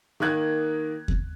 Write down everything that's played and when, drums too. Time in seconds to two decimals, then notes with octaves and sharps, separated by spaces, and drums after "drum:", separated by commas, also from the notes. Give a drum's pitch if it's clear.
0.20 D#3 A#3 F#6 G#6
1.08 drum: kick D#2